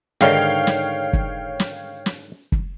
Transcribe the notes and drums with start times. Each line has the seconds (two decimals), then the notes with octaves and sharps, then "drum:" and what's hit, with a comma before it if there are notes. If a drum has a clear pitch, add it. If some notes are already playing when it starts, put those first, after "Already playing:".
0.21 G#2 D3 D#3 C#5 F5 G5, drum: snare
0.67 drum: snare
1.13 drum: kick
1.60 drum: snare
2.06 drum: snare
2.52 drum: kick